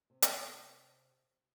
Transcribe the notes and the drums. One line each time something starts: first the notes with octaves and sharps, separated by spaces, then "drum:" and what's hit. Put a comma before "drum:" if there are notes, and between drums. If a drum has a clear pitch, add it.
C3
drum: hi-hat